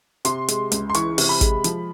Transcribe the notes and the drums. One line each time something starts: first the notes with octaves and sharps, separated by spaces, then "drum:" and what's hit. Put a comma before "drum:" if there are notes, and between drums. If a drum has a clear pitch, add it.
C3 C6, drum: hi-hat
G#3, drum: hi-hat
C#2, drum: hi-hat
C6
E3 C#6, drum: hi-hat
C3, drum: open hi-hat
B5
G#3, drum: kick, hi-hat
F3, drum: hi-hat